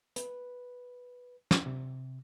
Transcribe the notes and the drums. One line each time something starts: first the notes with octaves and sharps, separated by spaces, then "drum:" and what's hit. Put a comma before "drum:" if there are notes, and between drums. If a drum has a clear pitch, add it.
B4, drum: hi-hat
drum: snare
C3